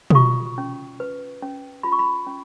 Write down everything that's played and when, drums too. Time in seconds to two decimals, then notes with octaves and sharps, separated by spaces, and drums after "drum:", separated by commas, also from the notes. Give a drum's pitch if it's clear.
0.10 D#6, drum: tom B2
0.15 F4 C#6
0.58 C#4
1.00 B4
1.42 C#4
1.83 F4 B5
1.92 C#6
1.99 B5
2.27 C#4